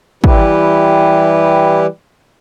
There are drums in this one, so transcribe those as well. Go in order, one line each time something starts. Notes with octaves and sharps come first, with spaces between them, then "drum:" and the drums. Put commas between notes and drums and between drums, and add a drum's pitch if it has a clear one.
E3 G3 E4 G4 B4, drum: kick